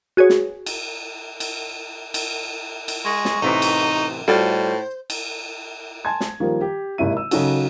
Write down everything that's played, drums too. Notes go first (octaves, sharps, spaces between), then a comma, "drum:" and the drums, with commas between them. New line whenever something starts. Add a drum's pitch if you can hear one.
F#4 G#4 B4 C#5
drum: snare
drum: cymbal
drum: cymbal
drum: cymbal
drum: cymbal
G#3 C#6
drum: snare
A1 C3 E3 D#4
drum: cymbal
A2 G3 F4 F#4 A4 C5
drum: cymbal
G#5 A5 C6 G#6
drum: snare
D#3 F3 G3 A#3
G4
G#1 C3 A#3 E4 D#7
E6
C#3 F#3 D#4 F#4 A4, drum: cymbal